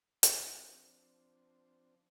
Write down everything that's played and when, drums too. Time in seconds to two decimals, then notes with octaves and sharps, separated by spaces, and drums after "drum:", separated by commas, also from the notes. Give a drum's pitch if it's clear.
0.23 F3 C4 D4, drum: hi-hat